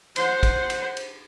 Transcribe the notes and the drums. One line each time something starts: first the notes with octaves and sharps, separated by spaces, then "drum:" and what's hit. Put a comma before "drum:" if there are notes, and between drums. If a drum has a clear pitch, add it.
C5 F#5, drum: cymbal
drum: kick, cymbal
drum: cymbal
drum: cymbal